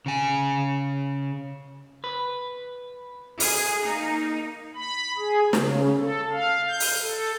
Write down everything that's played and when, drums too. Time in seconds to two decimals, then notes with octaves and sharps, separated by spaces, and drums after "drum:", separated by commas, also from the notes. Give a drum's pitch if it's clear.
0.06 C#3 G#5
2.04 B4
3.40 G#4, drum: open hi-hat
3.83 A#3 D#4
4.75 B5
5.18 G#4
5.53 C#3, drum: snare
5.99 A4
6.32 F5
6.67 G6
6.80 drum: open hi-hat
7.02 A4